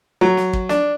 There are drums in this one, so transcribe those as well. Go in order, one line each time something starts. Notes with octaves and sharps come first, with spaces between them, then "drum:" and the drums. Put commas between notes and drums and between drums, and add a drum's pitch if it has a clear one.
F#3
drum: snare
drum: kick
D4, drum: snare